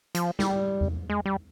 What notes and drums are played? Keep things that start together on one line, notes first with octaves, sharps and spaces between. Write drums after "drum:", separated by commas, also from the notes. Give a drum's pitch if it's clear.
F3, drum: hi-hat
G3, drum: snare
drum: tom E2
G#3
G3